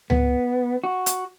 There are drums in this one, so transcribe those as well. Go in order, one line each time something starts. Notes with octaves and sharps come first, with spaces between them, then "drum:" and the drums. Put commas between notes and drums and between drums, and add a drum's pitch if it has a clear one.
B3, drum: tom C#2
F#4
drum: hi-hat